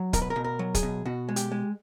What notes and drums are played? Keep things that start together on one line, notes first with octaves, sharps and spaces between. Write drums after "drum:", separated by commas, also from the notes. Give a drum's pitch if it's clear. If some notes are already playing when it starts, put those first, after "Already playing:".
Already playing: F#3
B2 A#4, drum: kick, hi-hat
B4
A#4
B2
A#4
F#3
G#4, drum: kick, hi-hat
B2
B2 F#4
G#3
G4, drum: hi-hat
G#3